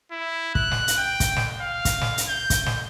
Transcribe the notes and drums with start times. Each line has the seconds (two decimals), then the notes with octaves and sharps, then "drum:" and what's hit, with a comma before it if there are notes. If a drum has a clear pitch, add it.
0.12 E4
0.55 F#6, drum: kick
0.71 drum: snare
0.88 drum: hi-hat
0.98 G5
1.20 drum: kick, hi-hat
1.36 drum: snare
1.62 F5
1.85 drum: kick, hi-hat
2.01 drum: snare
2.18 drum: hi-hat
2.28 G6
2.50 drum: kick, hi-hat
2.66 drum: snare